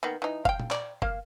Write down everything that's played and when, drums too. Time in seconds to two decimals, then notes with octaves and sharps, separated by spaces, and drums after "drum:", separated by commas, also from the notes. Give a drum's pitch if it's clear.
0.03 D#3 A#3 B3
0.22 E3 D#4
0.45 F5 G5, drum: kick F#1
0.60 drum: tom A#2
0.71 D5, drum: clap
1.02 A#3 F5, drum: kick F#1